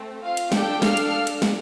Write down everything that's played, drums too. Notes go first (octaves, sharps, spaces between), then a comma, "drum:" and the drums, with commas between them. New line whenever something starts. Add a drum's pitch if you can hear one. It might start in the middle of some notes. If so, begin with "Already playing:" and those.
Already playing: A3 C4
F4 F5
drum: cymbal
D4 G4 A4 G5, drum: snare
F5 F6, drum: snare
drum: cymbal
drum: cymbal
drum: snare